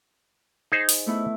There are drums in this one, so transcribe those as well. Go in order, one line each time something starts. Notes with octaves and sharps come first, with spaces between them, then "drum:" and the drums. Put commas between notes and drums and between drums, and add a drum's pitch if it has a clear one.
D#4 G#4 C5
drum: open hi-hat
A3 B3 E4